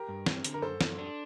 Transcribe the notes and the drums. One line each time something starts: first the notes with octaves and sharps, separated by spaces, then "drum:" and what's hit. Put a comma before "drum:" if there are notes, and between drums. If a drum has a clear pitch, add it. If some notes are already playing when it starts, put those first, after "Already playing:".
Already playing: G4 A#4
G2
C4, drum: snare
D3, drum: hi-hat
A#4
F#2 A4 C5
F#2, drum: snare
D4